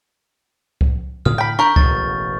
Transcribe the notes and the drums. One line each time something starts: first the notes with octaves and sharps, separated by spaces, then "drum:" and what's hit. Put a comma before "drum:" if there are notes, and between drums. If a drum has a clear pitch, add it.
drum: kick C2
A2 D3 D#6 F6
G5 B5
D4 A#4 B5 C#6 G6
E1 A1 A6, drum: kick C2